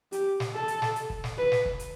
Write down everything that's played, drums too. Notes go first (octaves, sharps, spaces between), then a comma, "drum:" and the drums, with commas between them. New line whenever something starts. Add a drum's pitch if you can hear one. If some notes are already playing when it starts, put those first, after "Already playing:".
G4, drum: hi-hat
drum: snare
A4
drum: hi-hat
drum: snare
drum: hi-hat
drum: kick
drum: snare
B4
drum: snare
drum: kick
drum: hi-hat